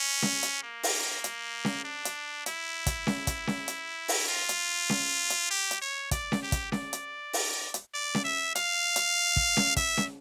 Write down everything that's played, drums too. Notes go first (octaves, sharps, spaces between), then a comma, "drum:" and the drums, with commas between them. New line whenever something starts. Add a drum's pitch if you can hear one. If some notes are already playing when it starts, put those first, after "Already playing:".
Already playing: C#4
drum: snare C#4
drum: hi-hat
A#3
drum: open hi-hat
drum: hi-hat
drum: snare C#4
D4
drum: hi-hat
E4, drum: hi-hat
drum: kick, hi-hat
drum: snare C#4
drum: kick, hi-hat
drum: snare C#4
drum: hi-hat
drum: open hi-hat
F4
drum: hi-hat
drum: snare C#4
drum: hi-hat
G4
drum: hi-hat
C#5
D5, drum: kick, hi-hat
drum: snare C#4
G4
drum: kick, hi-hat
D5, drum: snare C#4
drum: hi-hat
drum: open hi-hat
drum: hi-hat
D5
drum: snare C#4
E5
F5, drum: hi-hat
drum: hi-hat
drum: kick
drum: snare C#4
E5, drum: kick, hi-hat
drum: snare C#4